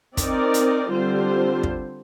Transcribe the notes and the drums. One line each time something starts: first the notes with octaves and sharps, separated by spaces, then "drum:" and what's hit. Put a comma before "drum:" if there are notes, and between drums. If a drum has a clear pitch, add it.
C4 D#4 A#4 D5, drum: kick, hi-hat
drum: hi-hat
D3 G3 C4 F4 C5
drum: kick